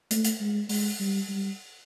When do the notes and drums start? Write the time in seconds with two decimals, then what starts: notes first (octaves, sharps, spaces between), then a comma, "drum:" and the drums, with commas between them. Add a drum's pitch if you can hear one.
0.11 A3, drum: hi-hat
0.25 drum: hi-hat
0.40 G#3
0.69 G#3, drum: open hi-hat
1.00 G3
1.29 G3